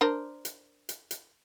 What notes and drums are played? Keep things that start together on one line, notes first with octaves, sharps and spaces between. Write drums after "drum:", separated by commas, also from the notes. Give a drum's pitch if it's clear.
D4 A#4 C5
drum: hi-hat
drum: hi-hat
drum: hi-hat